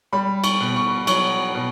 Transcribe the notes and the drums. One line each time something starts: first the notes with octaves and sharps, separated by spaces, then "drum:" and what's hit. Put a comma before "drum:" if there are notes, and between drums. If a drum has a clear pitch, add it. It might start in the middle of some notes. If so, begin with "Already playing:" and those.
G3 B5
C#6, drum: cymbal
B2
C#6
F#3 C#6, drum: cymbal
B2